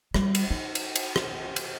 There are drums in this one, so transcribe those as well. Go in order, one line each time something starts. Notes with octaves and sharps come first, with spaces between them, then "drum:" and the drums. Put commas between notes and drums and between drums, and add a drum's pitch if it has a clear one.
G3, drum: rim click
drum: cymbal
D#4
drum: cymbal
drum: cymbal
drum: rim click
drum: cymbal